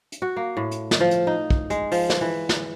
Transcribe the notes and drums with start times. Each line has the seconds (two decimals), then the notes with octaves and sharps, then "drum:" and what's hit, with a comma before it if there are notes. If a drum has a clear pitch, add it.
0.12 drum: hi-hat
0.22 F#4
0.36 A#3
0.57 A2
0.71 drum: hi-hat
0.91 drum: snare
1.00 F3
1.11 drum: hi-hat
1.27 D#4
1.50 drum: kick
1.70 G#3, drum: hi-hat
1.92 F3, drum: open hi-hat
2.10 drum: snare
2.21 E3
2.49 drum: snare